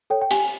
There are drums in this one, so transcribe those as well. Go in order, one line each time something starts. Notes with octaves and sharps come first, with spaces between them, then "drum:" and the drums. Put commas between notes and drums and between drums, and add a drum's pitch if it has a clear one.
A4 C#5 G5
G5
G4 G#5, drum: hi-hat